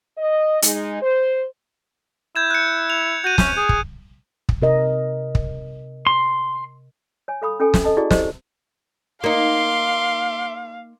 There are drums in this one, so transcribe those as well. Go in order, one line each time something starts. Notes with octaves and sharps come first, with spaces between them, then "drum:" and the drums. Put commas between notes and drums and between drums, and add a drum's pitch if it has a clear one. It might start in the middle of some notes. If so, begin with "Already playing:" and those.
D#5
G#3 D#4, drum: hi-hat
C5
E4 G6 G#6 E7
F#6 C#7
F7
F#4 G6 D#7
C#4, drum: snare
G#4
drum: kick
drum: kick
C3 A#4 D#5
drum: kick
C6
C#5 G#5
A4 F5 B5 D#6
C#4 A4 G5 G#5
drum: snare
A4 D#5 A5
E4 F#4 G#4 D5 F#5 A5
E4 G4 C5 D#5, drum: snare
A#3 D#4 F5 C6 D6